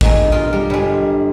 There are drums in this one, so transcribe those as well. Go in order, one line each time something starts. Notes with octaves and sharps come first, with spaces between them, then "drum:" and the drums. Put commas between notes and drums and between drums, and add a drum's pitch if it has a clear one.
G1 D#3 G#3 A#5, drum: kick
F4 A#4 D#5
G3 G#3 A#4
G1 G3 G#3